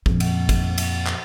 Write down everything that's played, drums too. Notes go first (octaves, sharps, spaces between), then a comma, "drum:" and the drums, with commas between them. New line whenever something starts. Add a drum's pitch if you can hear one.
F2 A#2, drum: kick
drum: cymbal
drum: kick, cymbal
drum: cymbal
drum: clap